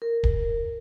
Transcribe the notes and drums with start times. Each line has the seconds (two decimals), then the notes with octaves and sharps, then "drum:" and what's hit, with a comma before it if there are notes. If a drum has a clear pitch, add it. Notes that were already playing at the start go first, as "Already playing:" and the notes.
0.02 A#4
0.23 drum: kick D1